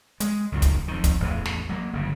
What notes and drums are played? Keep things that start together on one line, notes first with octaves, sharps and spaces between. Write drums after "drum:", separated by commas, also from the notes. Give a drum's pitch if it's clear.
G#3, drum: hi-hat
C#2 F#2 D#3
drum: kick, hi-hat
F2 D#3
drum: kick, hi-hat
A1 E2 E3
drum: snare
F#3 A#3
G1 C#3